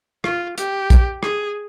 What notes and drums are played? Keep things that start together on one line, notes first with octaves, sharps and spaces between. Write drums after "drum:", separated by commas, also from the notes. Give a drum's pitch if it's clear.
F4, drum: rim click
G4, drum: hi-hat
drum: kick, hi-hat
G#4, drum: rim click